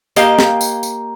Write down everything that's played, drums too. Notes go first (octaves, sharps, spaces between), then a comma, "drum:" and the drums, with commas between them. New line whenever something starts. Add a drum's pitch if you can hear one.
A#3 G4 D#5 F5 G5, drum: tambourine
drum: snare
drum: tambourine
drum: tambourine